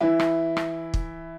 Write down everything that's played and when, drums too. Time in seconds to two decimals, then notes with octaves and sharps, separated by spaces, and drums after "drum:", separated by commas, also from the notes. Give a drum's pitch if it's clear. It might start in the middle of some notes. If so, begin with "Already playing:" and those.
0.01 E3 E4
0.19 drum: rim click
0.57 drum: rim click
0.94 drum: kick